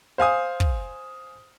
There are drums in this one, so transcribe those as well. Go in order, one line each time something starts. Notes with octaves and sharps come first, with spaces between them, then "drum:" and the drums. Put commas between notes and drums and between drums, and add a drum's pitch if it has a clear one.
C5 F5 G#5 D#6
drum: kick